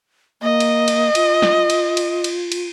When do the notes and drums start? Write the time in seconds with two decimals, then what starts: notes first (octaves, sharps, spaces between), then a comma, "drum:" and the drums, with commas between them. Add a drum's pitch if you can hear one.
0.42 A#3 D#5
0.60 drum: cymbal
0.88 drum: cymbal
1.15 F4, drum: cymbal
1.42 drum: snare
1.70 drum: cymbal
1.97 drum: cymbal
2.24 drum: cymbal
2.52 drum: cymbal